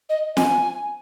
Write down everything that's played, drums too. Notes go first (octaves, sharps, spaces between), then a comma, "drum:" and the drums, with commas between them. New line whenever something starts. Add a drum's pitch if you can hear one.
D#5
G#5, drum: snare